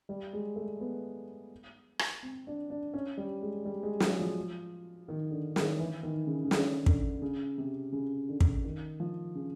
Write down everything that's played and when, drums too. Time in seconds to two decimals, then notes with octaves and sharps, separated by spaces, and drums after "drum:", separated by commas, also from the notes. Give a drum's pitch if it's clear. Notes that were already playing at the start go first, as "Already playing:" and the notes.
0.09 G3
0.33 G#3
0.56 A3
0.80 B3
1.99 drum: rim click
2.23 C4
2.47 D4
2.70 D4
2.94 C#4
3.17 G3
3.42 G#3
3.65 G3
3.83 G#3
4.00 F#3, drum: snare
4.19 F3
5.08 D#3
5.31 D3
5.56 D#3, drum: snare
5.79 E3
6.03 D#3
6.27 C#3
6.44 C#3
6.51 D3, drum: snare
6.86 D3, drum: kick
7.22 C#3
7.58 C3
7.92 C#3
8.29 D3
8.41 drum: kick
8.64 D#3
9.00 F3
9.35 C#3